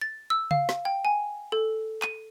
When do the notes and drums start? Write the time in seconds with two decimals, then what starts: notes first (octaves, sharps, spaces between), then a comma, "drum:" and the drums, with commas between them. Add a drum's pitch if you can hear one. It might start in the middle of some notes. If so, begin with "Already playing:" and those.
0.01 A6
0.30 E6
0.51 F5, drum: tom C#3
0.69 drum: snare
0.85 G5
1.05 G#5
1.52 A4
2.02 D#7, drum: clap